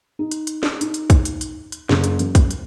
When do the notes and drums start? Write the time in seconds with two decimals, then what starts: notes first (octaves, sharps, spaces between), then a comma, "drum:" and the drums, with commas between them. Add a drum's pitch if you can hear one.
0.19 D#4
0.31 drum: hi-hat
0.47 drum: hi-hat
0.63 drum: snare
0.81 D#4, drum: hi-hat
0.94 drum: hi-hat
1.10 drum: kick, hi-hat
1.25 drum: hi-hat
1.41 drum: hi-hat
1.72 drum: hi-hat
1.89 F#1, drum: snare
2.04 drum: hi-hat
2.19 F#2, drum: hi-hat
2.35 drum: kick, hi-hat
2.51 drum: hi-hat